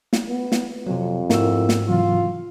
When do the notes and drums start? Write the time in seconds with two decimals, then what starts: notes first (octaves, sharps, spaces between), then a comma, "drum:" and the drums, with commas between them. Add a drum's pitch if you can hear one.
0.13 drum: snare
0.28 B3
0.52 drum: snare
0.87 F2 C3 F#3
1.30 G#2 E4 F#4 A#4 E6, drum: snare
1.69 drum: snare
1.88 C3 E3 F#3 F4